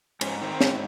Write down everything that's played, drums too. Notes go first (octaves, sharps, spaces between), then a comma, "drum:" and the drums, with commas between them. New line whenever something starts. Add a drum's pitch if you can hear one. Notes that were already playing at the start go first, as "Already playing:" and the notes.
G#2 C#4, drum: cymbal
D#3 C4
G#2, drum: snare